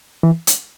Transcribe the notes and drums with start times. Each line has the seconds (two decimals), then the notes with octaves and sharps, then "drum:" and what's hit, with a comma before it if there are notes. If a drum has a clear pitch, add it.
0.23 E3
0.47 drum: hi-hat